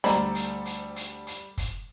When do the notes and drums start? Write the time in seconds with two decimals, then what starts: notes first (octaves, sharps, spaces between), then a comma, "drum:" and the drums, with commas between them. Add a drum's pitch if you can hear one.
0.04 D2 G3 A4 C5 D5 A#5 B5, drum: hi-hat
0.35 drum: hi-hat
0.65 drum: hi-hat
0.96 drum: hi-hat
1.27 drum: hi-hat
1.58 drum: kick, hi-hat